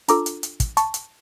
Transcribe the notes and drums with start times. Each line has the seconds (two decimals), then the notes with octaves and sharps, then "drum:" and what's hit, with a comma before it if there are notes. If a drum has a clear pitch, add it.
0.08 D4 F4 A4 A#5 D6, drum: hi-hat
0.26 drum: hi-hat
0.43 drum: hi-hat
0.60 drum: kick, hi-hat
0.77 A5 C#6, drum: hi-hat
0.94 drum: hi-hat